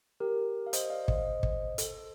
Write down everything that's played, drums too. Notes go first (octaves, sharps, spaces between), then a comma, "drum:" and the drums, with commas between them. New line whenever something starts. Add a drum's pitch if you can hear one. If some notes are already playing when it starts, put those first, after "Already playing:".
G4 A#4
F5
C5 D#5, drum: hi-hat
D5 F5
C5 D#5, drum: kick
drum: kick
A4 C5, drum: hi-hat